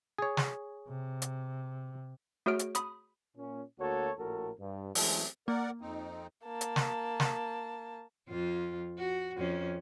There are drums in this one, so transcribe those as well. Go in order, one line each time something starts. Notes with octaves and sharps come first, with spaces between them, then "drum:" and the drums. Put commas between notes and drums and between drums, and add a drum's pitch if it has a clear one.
G#4 C#5
drum: snare
C3
drum: hi-hat
A3 F#4 G#4 C#5 F6 D7
drum: hi-hat
B5 D#6, drum: hi-hat
A#2 C#4
D2 A#3 F#4 A4 C#5
A#1 A2 F#4 A4 A#4
G2
E3 F#3 G#3 A3 C4 C#4, drum: open hi-hat
A#3 A#4 D5 F#5
F2 C4 D#4
A#3 A5
drum: hi-hat
drum: snare
drum: snare
F2 F4
F#4
F2 C#4